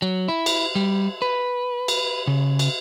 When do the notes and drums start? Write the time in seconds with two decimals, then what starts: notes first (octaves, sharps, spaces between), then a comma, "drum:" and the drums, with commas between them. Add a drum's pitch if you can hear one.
0.02 F#3
0.28 E4
0.46 drum: cymbal
0.75 G3
1.22 B4
1.88 drum: cymbal
2.27 C#3
2.59 drum: cymbal